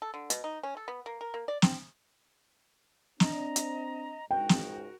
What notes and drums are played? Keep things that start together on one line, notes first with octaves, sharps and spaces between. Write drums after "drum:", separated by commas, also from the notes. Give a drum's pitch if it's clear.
A4
D3
B2, drum: hi-hat
D#4
C#4
A4
B3
A#3
A#4
A#3
D5
C4, drum: snare
C4 D4 D#5 A#5, drum: snare
drum: hi-hat
C#2 G#2 F#4 A#4 G5
drum: snare